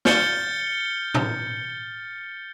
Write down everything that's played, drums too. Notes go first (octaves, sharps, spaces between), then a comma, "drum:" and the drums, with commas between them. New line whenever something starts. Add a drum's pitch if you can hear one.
F6 G6 A6 C#7 G7, drum: snare
drum: tom A2